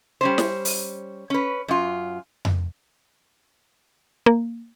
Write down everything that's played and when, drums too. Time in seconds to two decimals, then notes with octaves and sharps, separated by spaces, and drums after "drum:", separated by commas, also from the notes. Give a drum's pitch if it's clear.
0.21 G3 C#4 C5
0.38 drum: snare
0.65 drum: open hi-hat
1.30 C#4 B4
1.68 F#2 F4
2.45 drum: tom F2
4.26 A#3